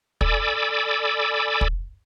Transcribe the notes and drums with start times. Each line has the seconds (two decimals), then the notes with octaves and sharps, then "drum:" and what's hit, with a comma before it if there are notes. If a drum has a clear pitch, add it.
0.21 A4 D5 G#5 B5 D6 E6, drum: kick
1.61 drum: kick